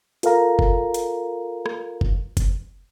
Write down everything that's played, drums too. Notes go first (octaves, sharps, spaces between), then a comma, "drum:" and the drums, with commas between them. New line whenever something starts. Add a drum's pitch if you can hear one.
F4 A4 A#4 F5 A#5, drum: hi-hat
drum: kick F#1
drum: hi-hat
drum: rim click
drum: kick F#1
drum: kick F#1, hi-hat